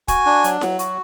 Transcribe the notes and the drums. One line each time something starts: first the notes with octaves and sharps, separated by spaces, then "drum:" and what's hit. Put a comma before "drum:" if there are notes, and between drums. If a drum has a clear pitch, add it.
F#4 G#5, drum: kick, hi-hat
D4
F#3, drum: hi-hat
F#3, drum: snare E4
F#4, drum: hi-hat